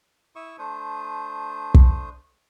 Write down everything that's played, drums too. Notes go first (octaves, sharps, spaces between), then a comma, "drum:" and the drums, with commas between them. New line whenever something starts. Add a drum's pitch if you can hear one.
E4 C#6 D#6 E6
A3 D4 C5 D#6
drum: kick